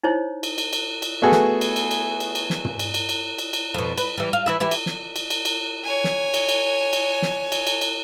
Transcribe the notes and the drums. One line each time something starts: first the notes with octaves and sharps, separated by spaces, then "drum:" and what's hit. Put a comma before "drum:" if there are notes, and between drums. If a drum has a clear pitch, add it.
D#4 E4 C5 C#5
drum: cymbal
drum: cymbal
drum: cymbal
drum: cymbal
A3 B3 F#4 G#4 A4
drum: snare
drum: cymbal
drum: cymbal
drum: cymbal
drum: cymbal
drum: cymbal
drum: snare
drum: tom
drum: cymbal
drum: cymbal
drum: cymbal
drum: cymbal
drum: cymbal
F2 B2
B4, drum: cymbal
E3 G3
F5
E3 E4 E5
E3 E4 G4
drum: cymbal
drum: snare
drum: cymbal
drum: cymbal
drum: cymbal
C#5 G#5
drum: snare
drum: cymbal
drum: cymbal
drum: cymbal
drum: snare
drum: cymbal
drum: cymbal
drum: cymbal